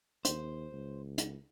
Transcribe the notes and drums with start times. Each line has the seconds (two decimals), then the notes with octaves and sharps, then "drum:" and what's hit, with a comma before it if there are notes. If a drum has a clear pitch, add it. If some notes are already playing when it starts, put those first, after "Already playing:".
0.25 D#2 C5, drum: hi-hat
0.73 C#2
1.18 drum: hi-hat